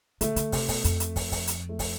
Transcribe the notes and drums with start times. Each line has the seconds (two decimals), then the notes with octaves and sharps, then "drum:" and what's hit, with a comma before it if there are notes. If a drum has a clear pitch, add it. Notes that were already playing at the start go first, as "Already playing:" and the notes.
0.21 D3 A3, drum: hi-hat
0.36 D3, drum: hi-hat
0.52 C3, drum: kick, open hi-hat
0.68 B2, drum: kick, open hi-hat
0.84 F2, drum: hi-hat
1.00 drum: hi-hat
1.16 drum: kick, open hi-hat
1.32 drum: kick, open hi-hat
1.47 drum: hi-hat
1.69 A3
1.79 drum: kick, open hi-hat